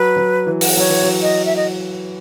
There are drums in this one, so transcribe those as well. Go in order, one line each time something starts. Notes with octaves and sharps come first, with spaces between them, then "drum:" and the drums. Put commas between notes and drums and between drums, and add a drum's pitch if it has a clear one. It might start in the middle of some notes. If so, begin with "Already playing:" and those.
Already playing: F#3 B4
F#3
E3
drum: open hi-hat
F#3 C#5
E3
F#3
D#5
E5
D#5